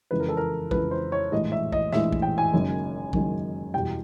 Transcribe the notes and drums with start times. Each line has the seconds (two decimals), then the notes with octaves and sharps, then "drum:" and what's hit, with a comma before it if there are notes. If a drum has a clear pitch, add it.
0.11 F2 C#3 E3 G#3 B4
0.20 A#4
0.29 A4
0.37 A#4
0.71 F2 C#3 E3 G#3 B4, drum: kick
0.91 C5
1.12 C#5
1.32 A#1 A2 E3 G#3 D#5
1.52 E5
1.72 D#5, drum: kick
1.92 A#1 A2 E3 G#3 E5, drum: snare
2.13 drum: kick
2.22 G5
2.38 G#5
2.53 F#1 F#2 D#3 G#3
3.13 F#1 F#2 D#3 G#3, drum: kick
3.73 E2 B2 G3 G5